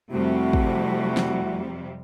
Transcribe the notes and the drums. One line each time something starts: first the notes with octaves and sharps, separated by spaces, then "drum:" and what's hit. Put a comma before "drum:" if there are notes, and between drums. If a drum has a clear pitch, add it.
F2 C3 G3 A3 E4 F#4
drum: kick
drum: snare